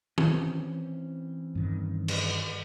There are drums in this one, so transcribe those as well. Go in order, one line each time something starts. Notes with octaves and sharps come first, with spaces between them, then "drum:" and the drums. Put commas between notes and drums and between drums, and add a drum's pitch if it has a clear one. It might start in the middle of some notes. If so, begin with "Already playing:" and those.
E3 C4 C#4, drum: tom D#3
G2 D#3
drum: cymbal